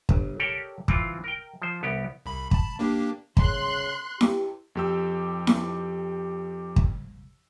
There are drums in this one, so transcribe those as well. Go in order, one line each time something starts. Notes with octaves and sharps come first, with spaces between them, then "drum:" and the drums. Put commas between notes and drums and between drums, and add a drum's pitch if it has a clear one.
G1, drum: kick
G4 A4 A#4 C#5 D5 G5
E3 C4 F4, drum: kick
A#4 G5
F3 C5
C2 B3 G4
C2 B5
A5 B5, drum: kick
A#3 D4 G4
C#3 C6 F#6, drum: kick
G4, drum: snare E4
F2 G4 E6
drum: snare E4
drum: kick